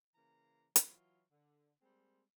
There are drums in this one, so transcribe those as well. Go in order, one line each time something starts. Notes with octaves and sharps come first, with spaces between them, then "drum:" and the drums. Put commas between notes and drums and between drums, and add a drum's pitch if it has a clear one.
C#3 E3 A#3 A#5
E3 F#3 F4, drum: hi-hat
D3
G3 G#3 A#3 C4